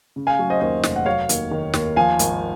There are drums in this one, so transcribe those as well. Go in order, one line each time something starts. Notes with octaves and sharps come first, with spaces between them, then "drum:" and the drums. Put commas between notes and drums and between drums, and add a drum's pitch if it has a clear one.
C#3
F5 G#5
F#3
C5 D#5
D#2 C5 D#5
F1, drum: snare
F#5
F#3 C#5 F5
D#2, drum: hi-hat
D#3
D#2, drum: snare
F3 F5 G#5
G#1, drum: hi-hat